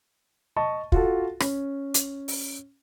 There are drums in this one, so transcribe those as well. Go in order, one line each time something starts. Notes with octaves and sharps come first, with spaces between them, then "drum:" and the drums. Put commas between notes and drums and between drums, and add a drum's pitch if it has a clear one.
D#5 A5 C#6
F4 F#4 A4, drum: kick
C#4, drum: rim click
drum: hi-hat
drum: open hi-hat